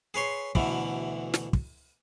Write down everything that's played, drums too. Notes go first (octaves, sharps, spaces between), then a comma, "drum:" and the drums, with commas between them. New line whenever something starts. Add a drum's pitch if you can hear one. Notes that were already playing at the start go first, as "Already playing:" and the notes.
G#4 B4 C#5 C6
D2 B2 D3 E3, drum: kick
drum: snare
drum: kick